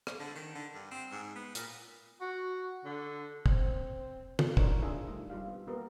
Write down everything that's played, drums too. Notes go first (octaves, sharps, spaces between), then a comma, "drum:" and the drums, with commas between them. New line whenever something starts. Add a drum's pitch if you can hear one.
drum: rim click
D3
D#3
D3
G2
C4
G#2
B3
A#2, drum: hi-hat
F#4
D3
C4, drum: kick
drum: tom
D4 D#4 A#4 C5 C#5, drum: kick
D4 E4 F4 G#4 E5 G#5
G3 A3 D#4 F4
G3 F4 G4 F5
B3
A#3 B3 G4 A#4 B4